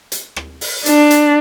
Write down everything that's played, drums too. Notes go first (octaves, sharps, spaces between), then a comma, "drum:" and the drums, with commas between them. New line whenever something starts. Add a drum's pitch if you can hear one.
drum: hi-hat
drum: rim click
drum: open hi-hat
D4, drum: hi-hat
drum: hi-hat